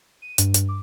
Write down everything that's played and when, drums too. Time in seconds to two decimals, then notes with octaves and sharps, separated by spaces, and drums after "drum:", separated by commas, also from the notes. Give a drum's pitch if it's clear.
0.22 D#7
0.38 G2, drum: hi-hat
0.54 G2, drum: hi-hat
0.69 D6